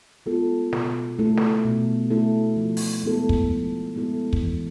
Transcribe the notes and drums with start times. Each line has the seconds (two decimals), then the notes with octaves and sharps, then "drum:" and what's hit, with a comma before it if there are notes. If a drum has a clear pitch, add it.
0.26 G#3 B3 F4 A4
0.73 B2, drum: snare
1.19 A3 E4 A4
1.37 drum: snare
1.64 B2
2.10 A3 E4 A4
2.57 F3
2.77 drum: open hi-hat
3.03 G#3 B3 E4 A4
3.29 drum: kick
3.50 F3
3.95 G#3 B3 E4 A4
4.33 drum: kick
4.42 E3